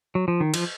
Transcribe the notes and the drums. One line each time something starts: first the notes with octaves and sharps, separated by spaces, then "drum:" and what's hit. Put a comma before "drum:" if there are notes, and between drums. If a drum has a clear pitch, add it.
F#3
F3
D#3
F3, drum: cymbal